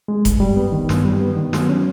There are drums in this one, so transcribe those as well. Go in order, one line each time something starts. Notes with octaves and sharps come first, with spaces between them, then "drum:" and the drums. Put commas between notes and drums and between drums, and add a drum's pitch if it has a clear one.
G#3
G2, drum: kick F1, hi-hat
G3
B3
D#3
G2, drum: snare
G3
B3
D#3
F#3, drum: snare
C#4